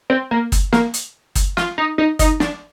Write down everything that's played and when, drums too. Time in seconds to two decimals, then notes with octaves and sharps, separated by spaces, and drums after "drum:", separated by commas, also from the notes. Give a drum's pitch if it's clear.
0.10 C4
0.31 A#3
0.52 drum: kick, hi-hat
0.73 A#3, drum: snare
0.94 drum: hi-hat
1.35 drum: kick, hi-hat
1.57 F4, drum: snare
1.78 D#4
1.98 D#4
2.19 D#4, drum: kick, hi-hat
2.40 D4, drum: snare